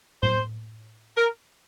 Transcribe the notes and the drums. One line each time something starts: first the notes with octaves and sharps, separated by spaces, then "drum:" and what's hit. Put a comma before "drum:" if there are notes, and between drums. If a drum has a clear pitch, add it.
C5, drum: tom A2
A#4